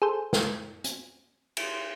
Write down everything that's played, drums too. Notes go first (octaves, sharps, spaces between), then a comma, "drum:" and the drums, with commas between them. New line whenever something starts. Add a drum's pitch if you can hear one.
G#4 A4 C5
drum: snare
drum: hi-hat
drum: cymbal